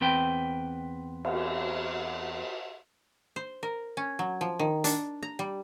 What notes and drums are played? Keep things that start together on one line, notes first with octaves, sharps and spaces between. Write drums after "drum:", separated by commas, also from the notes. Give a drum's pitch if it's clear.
E2 C4 B4 G5
drum: cymbal
C5
A#4
C#4
F#3
F3
D#3
D4, drum: hi-hat
A#5
G3